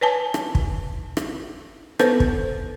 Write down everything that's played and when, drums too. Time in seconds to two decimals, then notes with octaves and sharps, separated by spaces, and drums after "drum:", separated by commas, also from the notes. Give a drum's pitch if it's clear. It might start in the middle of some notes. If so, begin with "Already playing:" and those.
0.01 B4 C#5 G#5 A5
0.34 drum: rim click
0.55 drum: kick
1.17 drum: rim click
1.99 B3 A4 B4 C5, drum: rim click
2.20 drum: kick